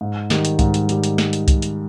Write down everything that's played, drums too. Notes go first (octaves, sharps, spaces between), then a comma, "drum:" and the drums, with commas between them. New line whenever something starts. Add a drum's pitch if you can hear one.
G#2
D#3 G3, drum: snare
drum: hi-hat
G#2, drum: kick C2, hi-hat
drum: hi-hat
D#3 G3, drum: hi-hat
drum: hi-hat
drum: snare
drum: hi-hat
drum: kick C2, hi-hat
drum: hi-hat